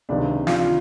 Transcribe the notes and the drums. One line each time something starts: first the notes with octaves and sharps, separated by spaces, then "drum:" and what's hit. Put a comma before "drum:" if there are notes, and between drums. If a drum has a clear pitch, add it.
C#2 C3 D#3 D4
F4, drum: snare